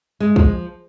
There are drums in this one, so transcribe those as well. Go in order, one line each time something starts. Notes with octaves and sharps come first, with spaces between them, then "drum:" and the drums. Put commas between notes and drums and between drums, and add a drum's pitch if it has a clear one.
G#3
F3, drum: kick